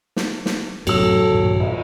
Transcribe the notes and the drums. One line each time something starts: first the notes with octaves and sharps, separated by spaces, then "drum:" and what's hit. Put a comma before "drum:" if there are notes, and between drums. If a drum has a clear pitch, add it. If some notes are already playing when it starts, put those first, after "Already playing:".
drum: snare
drum: snare
F#2 A2 C3 F#3 F#4 A4 E6, drum: cymbal
G2 A#2 D#3
drum: cymbal